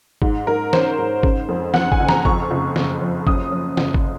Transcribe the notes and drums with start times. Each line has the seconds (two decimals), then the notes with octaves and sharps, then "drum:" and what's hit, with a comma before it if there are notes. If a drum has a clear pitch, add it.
0.22 G#2, drum: kick G1
0.47 G#2 A#4
0.73 C#4 C5, drum: snare
0.98 G#2
1.23 C#3, drum: kick G1
1.49 F2
1.74 F2 F#5, drum: snare
1.92 G#5, drum: kick G1
2.00 F#1
2.09 A#5, drum: snare
2.25 F2 C#6, drum: kick G1
2.51 F#1
2.76 F#1, drum: snare
3.02 F3
3.27 F#2 D#6, drum: kick G1
3.52 F3
3.77 F#1, drum: snare
3.94 drum: kick G1